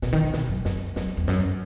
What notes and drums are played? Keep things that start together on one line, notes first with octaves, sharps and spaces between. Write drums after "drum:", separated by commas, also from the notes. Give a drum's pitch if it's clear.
B2, drum: snare
D#3
D#3
B2, drum: snare
F#2
F#2, drum: snare
F#2, drum: snare
E2
F#2, drum: snare